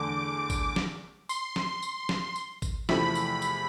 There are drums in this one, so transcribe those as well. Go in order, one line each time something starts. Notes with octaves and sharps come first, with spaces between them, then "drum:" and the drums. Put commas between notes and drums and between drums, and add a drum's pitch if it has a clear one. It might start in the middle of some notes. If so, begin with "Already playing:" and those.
Already playing: E2 D3 A3 D6
drum: kick, tambourine
drum: snare
C6, drum: tambourine
drum: snare
drum: tambourine
drum: snare
drum: tambourine
drum: kick, tambourine
E2 C3 F3 A3 E4 B5, drum: snare
drum: tambourine
drum: tambourine